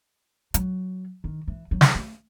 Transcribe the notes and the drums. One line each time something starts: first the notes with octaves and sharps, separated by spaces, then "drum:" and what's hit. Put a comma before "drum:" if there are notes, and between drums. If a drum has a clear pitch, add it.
F#3, drum: hi-hat
D#3
E3
F#3
drum: snare
A3